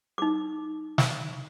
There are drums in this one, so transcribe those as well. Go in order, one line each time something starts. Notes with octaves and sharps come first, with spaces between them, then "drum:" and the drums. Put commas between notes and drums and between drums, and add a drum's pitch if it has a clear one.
D#4 D6
drum: snare